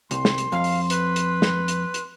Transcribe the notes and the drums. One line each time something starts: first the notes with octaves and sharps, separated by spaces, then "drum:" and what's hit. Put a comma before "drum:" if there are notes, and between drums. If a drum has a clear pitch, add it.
C2 C6, drum: hi-hat
drum: snare
drum: hi-hat
F2 F5
drum: open hi-hat
B4, drum: hi-hat
drum: hi-hat
drum: snare
drum: hi-hat
drum: hi-hat